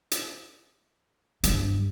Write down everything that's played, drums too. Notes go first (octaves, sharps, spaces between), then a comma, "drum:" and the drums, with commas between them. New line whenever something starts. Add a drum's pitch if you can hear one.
drum: hi-hat
G2, drum: hi-hat